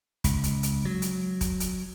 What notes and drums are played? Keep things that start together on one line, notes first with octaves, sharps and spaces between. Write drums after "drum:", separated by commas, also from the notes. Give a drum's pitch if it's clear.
C#2, drum: kick, hi-hat
drum: hi-hat
drum: hi-hat
F#3
drum: hi-hat
drum: kick, hi-hat
drum: hi-hat